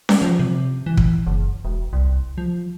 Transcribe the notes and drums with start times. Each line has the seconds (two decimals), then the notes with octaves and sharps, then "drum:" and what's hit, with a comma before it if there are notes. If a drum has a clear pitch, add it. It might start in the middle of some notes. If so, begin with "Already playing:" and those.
0.09 drum: snare C#4
0.22 F3
0.39 C3
0.86 E3
0.97 drum: kick
1.27 F#1
1.65 E1
1.93 C2
2.38 F3